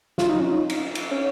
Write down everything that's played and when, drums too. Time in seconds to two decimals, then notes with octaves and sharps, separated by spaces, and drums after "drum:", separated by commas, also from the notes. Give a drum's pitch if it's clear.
0.18 F4, drum: snare
0.29 D#4
0.40 C#4
0.51 D#4
0.70 drum: cymbal
0.95 drum: cymbal
1.11 C#4